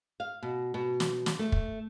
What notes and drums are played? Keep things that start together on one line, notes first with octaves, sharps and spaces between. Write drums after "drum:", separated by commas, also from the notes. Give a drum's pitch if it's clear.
F5
B2
B2
drum: snare
drum: snare
A3
drum: kick